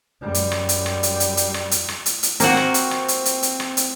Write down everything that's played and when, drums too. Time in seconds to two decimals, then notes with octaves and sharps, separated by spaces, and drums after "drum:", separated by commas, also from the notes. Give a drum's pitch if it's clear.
0.21 F#2 G3
0.34 drum: hi-hat
0.52 drum: rim click
0.69 drum: hi-hat
0.86 drum: rim click
1.03 drum: hi-hat
1.20 drum: hi-hat
1.37 drum: hi-hat
1.54 drum: rim click
1.71 drum: hi-hat
1.89 drum: rim click
2.06 drum: hi-hat
2.23 drum: hi-hat
2.40 A#3 C4 F#4, drum: hi-hat
2.57 drum: rim click
2.74 drum: hi-hat
2.91 drum: rim click
3.08 drum: hi-hat
3.25 drum: hi-hat
3.43 drum: hi-hat
3.60 drum: rim click
3.77 drum: hi-hat